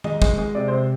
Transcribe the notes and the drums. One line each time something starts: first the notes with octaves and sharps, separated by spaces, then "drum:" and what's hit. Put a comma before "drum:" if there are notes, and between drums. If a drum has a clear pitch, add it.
G#3 D#5, drum: tom D#3
G#3, drum: kick
G#3
C3 D5
C3 C5